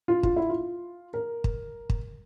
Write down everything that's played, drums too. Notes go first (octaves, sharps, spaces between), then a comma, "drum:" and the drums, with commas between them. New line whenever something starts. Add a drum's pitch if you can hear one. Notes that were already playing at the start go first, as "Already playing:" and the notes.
F4
F4, drum: kick
E4
F4
A#4
drum: kick
drum: kick